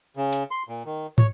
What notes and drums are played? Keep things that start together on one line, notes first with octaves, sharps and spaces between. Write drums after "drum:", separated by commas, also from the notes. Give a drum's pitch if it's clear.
C#3
drum: hi-hat
C6
A#2
D#3
C#5, drum: tom